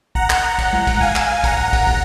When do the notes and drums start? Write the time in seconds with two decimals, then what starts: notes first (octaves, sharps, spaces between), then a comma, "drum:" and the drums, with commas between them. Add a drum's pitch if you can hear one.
0.15 F#5 A#5, drum: kick
0.30 drum: clap
0.58 drum: kick, cymbal
0.73 drum: tom G#3
0.87 drum: kick, cymbal
1.01 F5 G#5, drum: kick
1.16 drum: clap
1.44 F#5 A#5, drum: kick, cymbal
1.59 drum: tom A2
1.73 drum: kick, cymbal
1.87 drum: kick